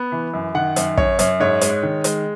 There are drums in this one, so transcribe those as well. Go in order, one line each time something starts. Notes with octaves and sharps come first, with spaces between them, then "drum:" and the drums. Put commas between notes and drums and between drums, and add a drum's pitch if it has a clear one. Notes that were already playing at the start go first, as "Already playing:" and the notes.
Already playing: B3
E3
F#2
D#3 F#5
F#2, drum: hi-hat
F#2 C#5, drum: kick
F#2, drum: hi-hat
G#2 C#5
G#3, drum: hi-hat
D#3
G#3, drum: hi-hat